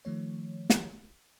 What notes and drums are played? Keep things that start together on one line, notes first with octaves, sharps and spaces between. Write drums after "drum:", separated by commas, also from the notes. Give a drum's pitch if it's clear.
D#3 F3 A3 C#5
drum: snare